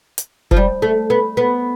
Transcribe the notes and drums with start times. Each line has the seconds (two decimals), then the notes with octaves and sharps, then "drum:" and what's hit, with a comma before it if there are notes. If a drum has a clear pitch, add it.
0.18 drum: hi-hat
0.51 F3, drum: kick F1
0.57 G3
0.82 A3
1.10 B3
1.37 B3